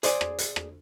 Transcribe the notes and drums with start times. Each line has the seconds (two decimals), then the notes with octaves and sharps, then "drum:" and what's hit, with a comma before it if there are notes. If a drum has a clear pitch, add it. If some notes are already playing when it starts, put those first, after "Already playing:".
0.03 G#4 C5 D5 G#5, drum: hi-hat
0.21 drum: rim click
0.38 drum: hi-hat
0.56 drum: rim click